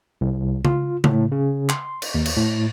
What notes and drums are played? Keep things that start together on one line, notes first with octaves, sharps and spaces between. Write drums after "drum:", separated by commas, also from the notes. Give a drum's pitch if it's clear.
C2
F4, drum: tom C#3
A2, drum: tom C#3
C#3
C6, drum: clap
drum: cymbal
D#2
drum: cymbal
A2